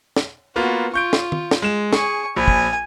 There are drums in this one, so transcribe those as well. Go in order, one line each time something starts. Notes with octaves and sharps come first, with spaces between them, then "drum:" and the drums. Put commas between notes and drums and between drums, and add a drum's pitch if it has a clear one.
drum: snare
A#3 B3 F4 F#4
F4 C#6 G6 D7
drum: snare
drum: tom D#3
drum: snare
G#3 E7
G#4 G#5 C#6, drum: snare
A#1 G#5 B5
drum: kick